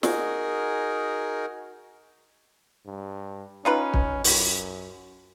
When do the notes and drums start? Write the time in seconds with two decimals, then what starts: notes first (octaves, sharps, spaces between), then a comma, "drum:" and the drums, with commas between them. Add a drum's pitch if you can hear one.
0.03 D#4 F#4 G#4 A#4, drum: snare
2.86 G2
3.65 C#4 D#4 F4 B4
3.94 drum: kick
4.24 F#2, drum: open hi-hat